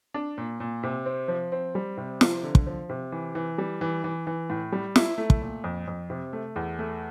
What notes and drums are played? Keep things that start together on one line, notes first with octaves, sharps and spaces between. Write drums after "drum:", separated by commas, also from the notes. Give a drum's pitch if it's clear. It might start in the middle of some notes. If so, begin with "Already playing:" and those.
D4
A#2
A#2
C3
C4
F3
C4
G3
C3
F3, drum: snare
D3
drum: kick
F3
C3
E3
E3
G3
E3
E3
E3
A2
G3
E4, drum: snare
A3
drum: kick
A#2
F2
F2
C3
A3
E2
A3